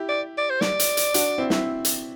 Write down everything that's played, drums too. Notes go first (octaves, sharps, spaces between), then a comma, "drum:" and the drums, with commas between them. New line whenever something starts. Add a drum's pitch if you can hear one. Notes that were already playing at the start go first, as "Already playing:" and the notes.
Already playing: E4 G4
D5
D5
C5
D5, drum: snare
drum: hi-hat
drum: hi-hat
D4 F#4, drum: hi-hat
C4 E4
E4, drum: snare
drum: hi-hat